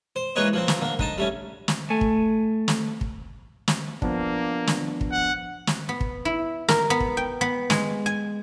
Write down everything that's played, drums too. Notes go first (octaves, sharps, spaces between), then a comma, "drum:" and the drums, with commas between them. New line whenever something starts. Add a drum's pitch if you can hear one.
C5
E3 G#3 A#3 B4 C#5 D#5
F3 A#3 C4
drum: snare
D3 A#3
D3 D#4 A5, drum: kick
G3 A3 C#4
drum: snare
A3 G#5
drum: kick
drum: snare
drum: kick
drum: snare
F3 A#3 B3 D4, drum: kick
drum: snare
drum: kick
F#5
drum: snare
B3
drum: kick
E4
A#4, drum: snare
B3
drum: kick
G5
B3
G#3, drum: snare
G#5